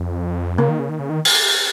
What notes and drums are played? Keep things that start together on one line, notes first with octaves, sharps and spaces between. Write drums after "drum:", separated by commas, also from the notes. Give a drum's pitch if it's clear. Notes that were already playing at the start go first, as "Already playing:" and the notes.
Already playing: F2
C#3 A#3
D#3
C#3
D#3
C#3
D#3
drum: open hi-hat